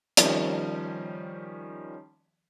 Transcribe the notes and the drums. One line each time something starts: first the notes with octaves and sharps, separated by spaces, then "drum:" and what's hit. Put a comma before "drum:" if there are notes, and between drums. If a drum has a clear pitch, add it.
D#3 F3 G3 C#4, drum: hi-hat